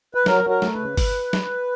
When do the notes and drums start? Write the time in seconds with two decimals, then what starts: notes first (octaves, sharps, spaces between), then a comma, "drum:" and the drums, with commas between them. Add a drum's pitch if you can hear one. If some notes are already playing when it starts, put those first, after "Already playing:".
0.15 B4
0.26 F#3 A#4, drum: snare
0.44 F#3
0.50 A#4
0.62 A3, drum: snare
0.74 B4
0.79 C#3
0.97 drum: kick G1, open hi-hat
1.33 drum: snare